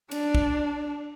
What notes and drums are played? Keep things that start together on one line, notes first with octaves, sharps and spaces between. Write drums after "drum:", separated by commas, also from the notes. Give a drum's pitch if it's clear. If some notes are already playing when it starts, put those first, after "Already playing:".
D4, drum: cymbal
drum: kick